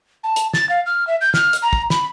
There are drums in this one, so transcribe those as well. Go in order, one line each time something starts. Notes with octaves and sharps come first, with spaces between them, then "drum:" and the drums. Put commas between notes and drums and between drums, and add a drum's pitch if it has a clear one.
A5
drum: hi-hat
A6, drum: snare
F5
F6
E5
G6
F6, drum: snare
drum: hi-hat
A#5
drum: kick
B5, drum: snare